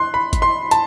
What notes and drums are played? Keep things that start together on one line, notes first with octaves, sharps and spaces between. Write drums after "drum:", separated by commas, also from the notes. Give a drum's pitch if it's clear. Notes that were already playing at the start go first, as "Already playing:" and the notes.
Already playing: C6 F#6
B5
drum: kick, hi-hat
C6
A5, drum: hi-hat